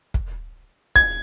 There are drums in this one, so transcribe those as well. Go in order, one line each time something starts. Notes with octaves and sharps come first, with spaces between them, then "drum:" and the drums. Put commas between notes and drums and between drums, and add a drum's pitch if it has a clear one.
drum: kick
G#6, drum: kick